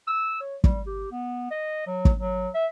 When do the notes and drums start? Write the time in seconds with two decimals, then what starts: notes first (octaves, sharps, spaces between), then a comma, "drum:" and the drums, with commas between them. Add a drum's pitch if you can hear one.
0.08 E6
0.41 C#5
0.64 G3, drum: kick
0.87 G4
1.12 B3
1.51 D#5
1.87 F#3
2.05 drum: kick
2.20 F#3
2.55 E5